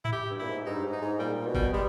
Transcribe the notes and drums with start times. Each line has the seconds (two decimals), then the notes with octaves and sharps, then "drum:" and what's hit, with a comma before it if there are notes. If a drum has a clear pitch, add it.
0.05 E4, drum: tom G#2
0.12 G4
0.31 G2
0.39 A#2 E4
0.49 G#2
0.66 G2 D#4
0.84 G#2
0.93 D#4
1.02 G#2
1.19 A#2 G3
1.47 B2
1.55 G3, drum: kick G1
1.73 G3 G#3